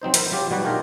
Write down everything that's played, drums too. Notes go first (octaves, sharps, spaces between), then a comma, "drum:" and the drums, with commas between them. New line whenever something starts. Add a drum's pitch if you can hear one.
F#3 C4 D#4 C5
E4 A#4 C5 E5, drum: hi-hat
F#3 F4 G4
B2 F#3 G3 D#4 F#4 B4
D4 D#4 F4 G4 G#4 A#4